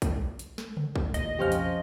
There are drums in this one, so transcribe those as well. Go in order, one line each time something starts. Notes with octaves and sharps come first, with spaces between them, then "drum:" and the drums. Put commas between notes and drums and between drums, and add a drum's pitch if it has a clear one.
drum: kick, hi-hat
A#1
drum: hi-hat
drum: snare
drum: tom C#3
drum: kick
A1 D#2 A#2 D#5, drum: hi-hat
B1 F2 C#3 F3 C#4 G4 C5 F6
drum: hi-hat